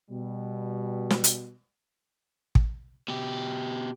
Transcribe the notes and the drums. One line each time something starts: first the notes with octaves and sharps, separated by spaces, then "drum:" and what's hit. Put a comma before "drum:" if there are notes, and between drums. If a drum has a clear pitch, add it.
B2 G3
drum: snare
drum: hi-hat
drum: kick
B2 G4